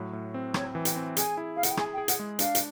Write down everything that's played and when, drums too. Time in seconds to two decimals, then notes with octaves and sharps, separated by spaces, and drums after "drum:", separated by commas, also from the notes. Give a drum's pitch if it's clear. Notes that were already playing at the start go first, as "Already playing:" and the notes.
Already playing: A2 F#3
0.13 A2
0.34 C4
0.54 C4 C#5, drum: rim click
0.75 E3
0.85 G5, drum: hi-hat
0.96 C4
1.17 G#4 G#5, drum: hi-hat
1.37 E4
1.56 G#4 F5
1.63 F#5, drum: hi-hat
1.71 G5
1.77 G#4 G#5, drum: rim click
1.93 G5
1.98 G#4
2.08 F#5, drum: hi-hat
2.19 G#3
2.39 D4 F5, drum: hi-hat
2.55 drum: hi-hat